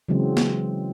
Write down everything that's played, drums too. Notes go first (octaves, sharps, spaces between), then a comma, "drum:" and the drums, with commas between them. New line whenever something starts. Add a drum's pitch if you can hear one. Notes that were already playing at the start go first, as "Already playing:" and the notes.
C#3 E3 F#3 G#3 C4
drum: snare